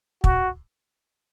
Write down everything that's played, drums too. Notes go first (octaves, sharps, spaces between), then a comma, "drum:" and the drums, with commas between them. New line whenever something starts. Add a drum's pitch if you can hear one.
F#4, drum: kick